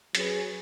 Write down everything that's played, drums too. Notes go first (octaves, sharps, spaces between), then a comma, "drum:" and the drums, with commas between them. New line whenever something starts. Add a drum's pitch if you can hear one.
F#3 C#4 G#4 B4, drum: hi-hat